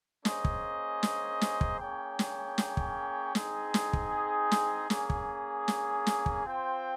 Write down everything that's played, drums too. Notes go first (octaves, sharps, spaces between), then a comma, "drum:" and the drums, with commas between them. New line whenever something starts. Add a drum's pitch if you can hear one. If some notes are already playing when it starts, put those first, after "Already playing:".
A#3 C#4 G#4 C5 D#5, drum: snare
drum: kick
drum: snare
drum: snare
drum: kick
A#3 C#4 G#4 C#5 G5
drum: snare
drum: snare
drum: kick
C4 D#4 G#4, drum: snare
drum: snare
drum: kick
drum: snare
A#3 C#4 G#4, drum: snare
drum: kick
drum: snare
drum: snare
drum: kick
C4 F4 C5 G5